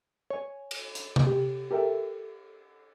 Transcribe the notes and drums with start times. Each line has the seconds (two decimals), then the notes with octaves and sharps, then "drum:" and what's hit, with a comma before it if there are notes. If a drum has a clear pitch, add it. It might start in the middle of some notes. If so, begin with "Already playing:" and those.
0.30 C#5 G#5
0.71 drum: cymbal
0.95 drum: hi-hat
1.16 drum: tom C3
1.27 G4
1.71 G4 A4 A#4 E5 G5